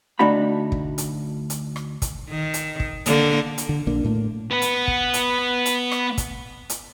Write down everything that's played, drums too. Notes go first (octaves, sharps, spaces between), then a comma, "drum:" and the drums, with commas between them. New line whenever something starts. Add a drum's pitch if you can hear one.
D2 A3 D4 D#4 F#4 B5
drum: kick
drum: hi-hat
drum: hi-hat
drum: rim click
drum: kick, hi-hat
D#3
drum: hi-hat
drum: kick
D3 A#3, drum: hi-hat
drum: hi-hat
D3
A#1 A#3 D4
A2 A3 A#3
B3 F#5
drum: hi-hat
drum: kick
drum: hi-hat
drum: hi-hat
drum: rim click
drum: kick, hi-hat
drum: hi-hat